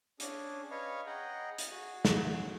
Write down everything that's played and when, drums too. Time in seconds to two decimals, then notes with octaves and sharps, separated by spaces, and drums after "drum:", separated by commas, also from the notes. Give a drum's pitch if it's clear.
0.20 C#4 D4 G#4, drum: hi-hat
0.71 B4 C#5 D#5 F5 C#6
1.06 G#4 D#5 F#5 G5 A#5
1.58 drum: hi-hat
1.71 F#4 G#4
2.05 drum: snare